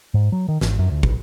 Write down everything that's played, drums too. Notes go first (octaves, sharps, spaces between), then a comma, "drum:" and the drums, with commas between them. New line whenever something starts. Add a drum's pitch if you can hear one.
G#2
F#3
D#3
G#1, drum: snare
F#2
D2
B1, drum: kick